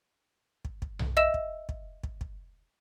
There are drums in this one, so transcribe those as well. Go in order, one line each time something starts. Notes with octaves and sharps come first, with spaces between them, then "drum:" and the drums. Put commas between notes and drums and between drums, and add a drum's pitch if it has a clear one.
drum: kick
drum: kick
drum: tom B1
D#5 E5 E6 E7
drum: kick
drum: kick
drum: kick
drum: kick